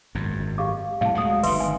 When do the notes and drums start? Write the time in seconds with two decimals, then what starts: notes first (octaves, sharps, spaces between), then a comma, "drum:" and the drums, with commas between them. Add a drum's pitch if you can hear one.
0.15 G#1 F#2
0.58 G4 F5 D6
1.01 A2 C3 G3 F5 A5
1.14 D2 F#3 G#3 F#5 D#6
1.43 G1 D#3 B4 E5 C6, drum: open hi-hat
1.60 G#5